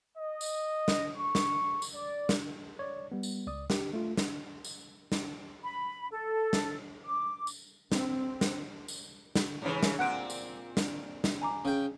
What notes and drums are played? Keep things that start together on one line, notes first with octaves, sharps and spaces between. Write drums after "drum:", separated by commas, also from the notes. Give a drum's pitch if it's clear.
D#5
drum: tambourine
drum: snare
C#6
drum: snare
drum: tambourine
D5
drum: snare
C#5 D5
G3 B3
drum: tambourine
C#2 D5 D#6
G4, drum: snare
A3 F4
drum: snare
drum: tambourine
drum: snare
B5
A4
drum: snare
D6
drum: tambourine
C4, drum: snare
drum: snare
drum: tambourine
drum: snare
G#2 C#3 E3
drum: snare
A#2 C4 F#5 F#6 D7
drum: tambourine
drum: snare
drum: snare
G#5 A#5 D6
C#3 G5